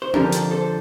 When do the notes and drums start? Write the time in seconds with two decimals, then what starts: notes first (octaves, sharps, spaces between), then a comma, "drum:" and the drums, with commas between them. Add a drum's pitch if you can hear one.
0.02 C5
0.14 F2 D3 F3 G4 A#4, drum: tom C4
0.32 drum: hi-hat
0.51 A4 C5